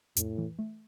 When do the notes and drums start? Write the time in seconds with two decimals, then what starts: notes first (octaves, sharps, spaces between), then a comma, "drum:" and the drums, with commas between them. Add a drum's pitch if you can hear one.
0.17 F2 A2, drum: hi-hat
0.38 E3
0.59 A3